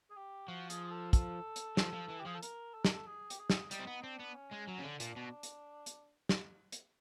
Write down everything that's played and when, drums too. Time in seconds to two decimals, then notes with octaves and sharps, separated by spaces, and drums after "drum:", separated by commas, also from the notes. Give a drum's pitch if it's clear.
0.11 G#4
0.16 G4
0.48 F3 F#4
0.70 G#4, drum: hi-hat
0.91 A4
1.13 A4, drum: kick, hi-hat
1.56 drum: hi-hat
1.77 F3, drum: snare
1.94 F3
2.10 E3
2.20 G4
2.26 F3 G#4
2.35 A4
2.43 A#4, drum: hi-hat
2.74 A4
2.85 A#4, drum: snare
2.94 A4
3.07 G#4
3.30 G4, drum: hi-hat
3.39 G#4
3.50 drum: snare
3.71 G3 D#4, drum: hi-hat
3.79 C4
3.87 B3
4.03 C4 D4
4.20 B3
4.35 C#4
4.52 G#3
4.68 F#3
4.80 C#3
4.84 D3
5.00 A#2 D4, drum: hi-hat
5.16 B2
5.43 drum: hi-hat
5.86 drum: hi-hat
6.29 drum: snare
6.72 drum: hi-hat